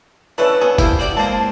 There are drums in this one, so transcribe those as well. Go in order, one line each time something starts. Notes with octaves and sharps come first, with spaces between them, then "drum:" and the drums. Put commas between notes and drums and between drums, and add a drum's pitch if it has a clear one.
D3 A3 C#4 E4 A4 B4
B3 G#4 A4
A#3 E4 G4 C5, drum: kick, tambourine
F#4 G4 D5
G#3 A#3 C4 A5